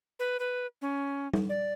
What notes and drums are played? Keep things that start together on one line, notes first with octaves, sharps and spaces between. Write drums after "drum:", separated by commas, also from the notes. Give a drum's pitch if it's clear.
B4
B4
C#4
drum: tom G3
D5